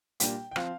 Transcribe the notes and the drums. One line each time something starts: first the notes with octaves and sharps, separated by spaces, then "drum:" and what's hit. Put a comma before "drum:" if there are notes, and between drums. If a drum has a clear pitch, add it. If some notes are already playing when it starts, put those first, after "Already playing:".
A#2 G3 A#3 D4 G5, drum: hi-hat
G5
F3 C4 F5, drum: rim click